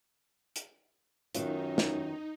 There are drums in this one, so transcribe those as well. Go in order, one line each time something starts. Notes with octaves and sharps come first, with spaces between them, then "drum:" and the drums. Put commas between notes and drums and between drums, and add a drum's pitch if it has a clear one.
drum: hi-hat
F#2 D#3 B3 D#4 F4, drum: hi-hat
drum: snare